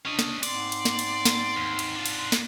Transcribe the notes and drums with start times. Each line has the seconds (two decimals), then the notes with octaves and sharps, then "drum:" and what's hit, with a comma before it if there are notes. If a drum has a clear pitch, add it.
0.05 C#4 D4 D#5
0.19 drum: snare
0.43 G#2 C4 D5 C6, drum: cymbal
0.72 drum: cymbal
0.85 drum: snare
0.99 drum: cymbal
1.25 drum: snare
1.57 D#2
1.79 drum: cymbal
1.96 D4 F4
2.06 drum: cymbal
2.32 drum: snare